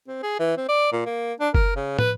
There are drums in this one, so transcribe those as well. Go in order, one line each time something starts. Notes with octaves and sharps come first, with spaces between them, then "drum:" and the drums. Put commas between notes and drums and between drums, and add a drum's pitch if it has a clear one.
C4
G#4
E3
C4
D5
A#2
A#3
D4
A#4, drum: kick F#1
C#3
B4, drum: tom